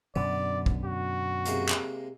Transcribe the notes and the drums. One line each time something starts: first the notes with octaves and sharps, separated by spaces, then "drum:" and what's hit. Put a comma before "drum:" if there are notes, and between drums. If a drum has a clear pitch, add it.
F#2 B2 D3 B3 D5
drum: kick
F#4
C3 G#3 A#3, drum: hi-hat
drum: clap